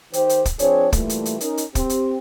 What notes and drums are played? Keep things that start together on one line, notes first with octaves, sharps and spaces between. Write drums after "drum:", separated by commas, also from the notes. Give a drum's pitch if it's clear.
D#3 G4 C5, drum: hi-hat
drum: hi-hat
drum: kick, hi-hat
F3 C4 D4 G#4 C5 C#5, drum: hi-hat
A#2 E3 G3 A3, drum: kick, hi-hat
drum: hi-hat
drum: hi-hat
C#4 D#4 A#4, drum: hi-hat
drum: hi-hat
C4 G4, drum: kick, hi-hat
drum: hi-hat